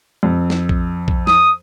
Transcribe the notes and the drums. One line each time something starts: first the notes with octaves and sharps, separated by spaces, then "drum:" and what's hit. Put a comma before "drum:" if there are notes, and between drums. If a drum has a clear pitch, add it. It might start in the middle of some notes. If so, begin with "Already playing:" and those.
F2
drum: snare
drum: kick
drum: kick
D#6, drum: snare